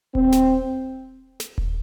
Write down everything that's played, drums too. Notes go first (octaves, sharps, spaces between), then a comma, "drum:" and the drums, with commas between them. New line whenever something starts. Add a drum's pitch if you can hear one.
C4, drum: kick D#1
drum: snare
drum: snare
drum: kick D#1